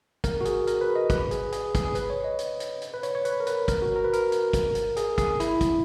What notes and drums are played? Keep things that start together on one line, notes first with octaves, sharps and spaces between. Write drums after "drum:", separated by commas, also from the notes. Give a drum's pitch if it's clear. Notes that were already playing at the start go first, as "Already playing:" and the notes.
A#4, drum: kick, hi-hat
F#4
G#4, drum: hi-hat
A#4, drum: hi-hat
B4
D#5
B4, drum: kick, hi-hat
G#4, drum: hi-hat
G#4, drum: hi-hat
G#4, drum: kick, hi-hat
G#4
B4, drum: hi-hat
C#5
D#5
drum: hi-hat
drum: hi-hat
drum: hi-hat
B4
C#5, drum: hi-hat
C#5
B4, drum: hi-hat
A#4
B4, drum: hi-hat
A#4, drum: kick, hi-hat
F#4
A#4
B4
A#4, drum: hi-hat
drum: hi-hat
drum: kick, hi-hat
drum: hi-hat
G#4, drum: hi-hat
G#4, drum: kick, hi-hat
E4, drum: hi-hat
drum: kick, hi-hat